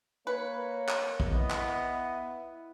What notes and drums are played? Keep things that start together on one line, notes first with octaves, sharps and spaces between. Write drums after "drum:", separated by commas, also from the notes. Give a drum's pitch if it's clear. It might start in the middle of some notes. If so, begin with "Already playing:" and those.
A#3 B4 C#5
drum: clap
drum: kick
B3 E4 D#5
drum: clap